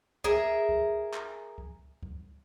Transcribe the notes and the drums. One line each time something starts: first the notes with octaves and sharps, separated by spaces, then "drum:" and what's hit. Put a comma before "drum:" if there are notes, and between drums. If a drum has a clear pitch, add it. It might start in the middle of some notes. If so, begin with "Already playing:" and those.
G#4 A#4 E5, drum: kick C#2
drum: kick C#2
drum: clap
drum: kick C#2
drum: kick C#2